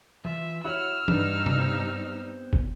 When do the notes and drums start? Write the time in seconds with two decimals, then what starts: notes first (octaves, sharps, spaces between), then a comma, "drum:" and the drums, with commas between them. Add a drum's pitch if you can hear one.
0.25 E3 F4 E5
0.64 E4 F#4 C#5 E5 F#5 E6 F6
1.08 G2 G3 D4 D#4 B4, drum: tom E3
1.46 drum: tom C3
1.59 B3 C4
2.53 drum: kick